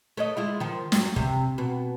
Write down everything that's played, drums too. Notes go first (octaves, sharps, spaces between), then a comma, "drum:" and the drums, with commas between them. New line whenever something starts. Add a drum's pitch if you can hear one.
A3 C#5 D#5
G#3 E4 F4
D#3 F3
G2 F#3, drum: snare
C3, drum: kick
B2